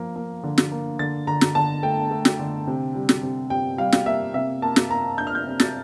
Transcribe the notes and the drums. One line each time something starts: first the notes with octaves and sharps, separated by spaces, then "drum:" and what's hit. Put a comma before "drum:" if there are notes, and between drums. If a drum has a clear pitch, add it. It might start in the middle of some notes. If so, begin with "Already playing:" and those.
Already playing: F3 A#3
A#3
D3
drum: snare
A#3
D3 A6
D3 A#5
drum: snare
D3 A5
A3 G5
A3
drum: snare
D3
C3
G3
drum: snare
C3
C3 G5
G3 F5
drum: snare
A#3 E5
C3 E5
A#3 A5
drum: snare
A#3 A#5
D4 G6
F6
G6
C3
A6, drum: snare